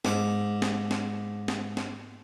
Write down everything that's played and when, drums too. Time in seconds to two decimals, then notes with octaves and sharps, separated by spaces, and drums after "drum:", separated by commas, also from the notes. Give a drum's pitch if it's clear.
0.05 G#2 D6, drum: snare
0.62 drum: snare
0.91 drum: snare
1.48 drum: snare
1.77 drum: snare